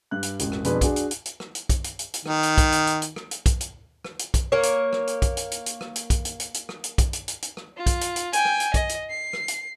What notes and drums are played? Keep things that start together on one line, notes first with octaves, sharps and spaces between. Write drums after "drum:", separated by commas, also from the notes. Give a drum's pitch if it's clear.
G2 F#6
drum: hi-hat
E1 A1, drum: hi-hat
drum: rim click
F2 B2 D4 G#4 B4, drum: hi-hat
D4 F#4 G#4, drum: kick B1, hi-hat
drum: hi-hat
drum: hi-hat
drum: hi-hat
drum: rim click
drum: hi-hat
drum: kick B1, hi-hat
drum: hi-hat
drum: hi-hat
drum: hi-hat
D#3, drum: rim click
drum: hi-hat
drum: kick B1, hi-hat
drum: hi-hat
drum: hi-hat
drum: hi-hat
drum: rim click
drum: hi-hat
drum: kick B1, hi-hat
drum: hi-hat
drum: rim click
drum: hi-hat
drum: kick B1, hi-hat
A#3 C#5
drum: hi-hat
drum: rim click
drum: hi-hat
drum: kick B1, hi-hat
drum: hi-hat
drum: hi-hat
drum: hi-hat
drum: rim click
drum: hi-hat
drum: kick B1, hi-hat
drum: hi-hat
drum: hi-hat
drum: hi-hat
drum: rim click
drum: hi-hat
drum: kick B1, hi-hat
drum: hi-hat
drum: hi-hat
drum: hi-hat
drum: rim click
F4
drum: kick B1, hi-hat
drum: hi-hat
drum: hi-hat
G5 G#5, drum: hi-hat
drum: rim click
drum: hi-hat
D#5, drum: kick B1, hi-hat
drum: hi-hat
C7
drum: rim click
drum: hi-hat